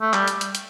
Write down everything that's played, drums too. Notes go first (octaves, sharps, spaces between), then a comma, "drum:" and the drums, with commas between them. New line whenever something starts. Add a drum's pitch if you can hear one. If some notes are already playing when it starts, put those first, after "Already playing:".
A3
G3, drum: clap
drum: hi-hat
drum: hi-hat
drum: hi-hat